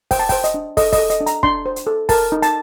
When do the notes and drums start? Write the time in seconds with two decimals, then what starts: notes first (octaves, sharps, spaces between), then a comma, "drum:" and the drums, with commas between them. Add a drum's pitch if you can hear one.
0.11 C5 G5, drum: kick, open hi-hat
0.19 A5
0.29 C5 G5, drum: kick, open hi-hat
0.44 D#5, drum: hi-hat
0.54 D4
0.77 A4 D#5, drum: kick, open hi-hat
0.93 D#5, drum: kick, open hi-hat
0.98 A4
1.10 D#5, drum: hi-hat
1.21 D4
1.26 A#5, drum: hi-hat
1.43 D4 C6, drum: kick
1.66 C5
1.76 drum: hi-hat
1.87 A4
2.09 A#4 A5, drum: kick, open hi-hat
2.32 D#4
2.42 A5, drum: hi-hat